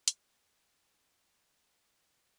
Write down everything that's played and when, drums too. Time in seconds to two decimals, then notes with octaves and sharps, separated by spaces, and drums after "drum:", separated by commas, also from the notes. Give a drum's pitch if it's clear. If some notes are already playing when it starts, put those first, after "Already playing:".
0.08 E3 G#3 F4 F#4 C#5 G#5, drum: hi-hat